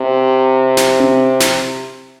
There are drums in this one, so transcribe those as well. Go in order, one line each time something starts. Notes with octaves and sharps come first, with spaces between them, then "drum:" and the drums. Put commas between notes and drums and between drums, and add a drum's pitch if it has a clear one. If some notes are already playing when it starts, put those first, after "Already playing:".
Already playing: C3
drum: snare
drum: tom C4
drum: snare